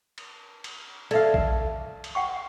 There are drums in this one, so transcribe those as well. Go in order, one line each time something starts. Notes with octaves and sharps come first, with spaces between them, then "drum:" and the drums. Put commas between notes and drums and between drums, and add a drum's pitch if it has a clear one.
drum: cymbal
drum: cymbal
A4 D5 E5 F5, drum: cymbal
drum: kick A#1
drum: cymbal
F#5 G5 C#6